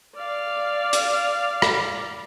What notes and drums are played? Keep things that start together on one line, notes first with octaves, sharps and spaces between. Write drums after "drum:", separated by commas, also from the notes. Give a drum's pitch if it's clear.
D5 F5
drum: hi-hat
drum: rim click